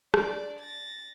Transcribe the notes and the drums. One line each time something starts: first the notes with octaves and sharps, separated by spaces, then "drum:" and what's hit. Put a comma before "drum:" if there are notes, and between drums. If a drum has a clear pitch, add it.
D4 D5, drum: rim click
A6 A#6